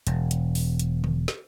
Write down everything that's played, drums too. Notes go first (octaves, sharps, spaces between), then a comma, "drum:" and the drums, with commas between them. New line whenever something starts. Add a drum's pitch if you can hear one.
E1, drum: hi-hat
drum: hi-hat
drum: open hi-hat
drum: hi-hat
drum: tom D3
drum: snare